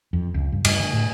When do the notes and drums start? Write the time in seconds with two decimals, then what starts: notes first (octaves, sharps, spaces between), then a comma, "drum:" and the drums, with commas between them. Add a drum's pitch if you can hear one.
0.13 F2
0.34 C#2
0.52 G2
0.65 G2, drum: cymbal
0.80 D3
0.93 A2